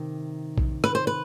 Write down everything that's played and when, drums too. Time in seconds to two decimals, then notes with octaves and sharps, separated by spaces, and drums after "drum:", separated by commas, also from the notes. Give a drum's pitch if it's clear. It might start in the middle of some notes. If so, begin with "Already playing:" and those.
Already playing: C3 D#3
0.58 drum: kick B1
0.84 B4, drum: rim click
0.95 C5
1.07 B4